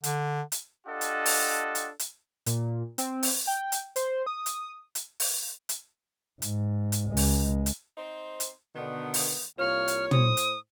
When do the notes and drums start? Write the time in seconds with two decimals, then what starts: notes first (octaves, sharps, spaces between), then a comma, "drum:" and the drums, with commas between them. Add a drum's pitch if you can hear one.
0.03 D3, drum: hi-hat
0.52 drum: hi-hat
0.87 D4 F4 G4 A4 D#5 F#5
1.01 drum: hi-hat
1.26 drum: open hi-hat
1.75 drum: hi-hat
1.99 drum: hi-hat
2.46 A#2, drum: hi-hat
2.98 C4, drum: hi-hat
3.23 drum: open hi-hat
3.47 G5
3.72 drum: hi-hat
3.96 C5, drum: hi-hat
4.26 D#6
4.46 drum: hi-hat
4.95 drum: hi-hat
5.20 drum: open hi-hat
5.69 drum: hi-hat
6.42 G#2, drum: hi-hat
6.92 drum: hi-hat
7.08 C#2 G#3
7.17 drum: open hi-hat
7.66 drum: hi-hat
7.98 C4 D#4 C5
8.40 drum: hi-hat
8.76 B2 D3 D#3 B3
9.14 drum: open hi-hat
9.59 C2 A#3 F4 C#5 F6
9.88 drum: hi-hat
10.11 A2 C5 D#6, drum: tom
10.37 drum: hi-hat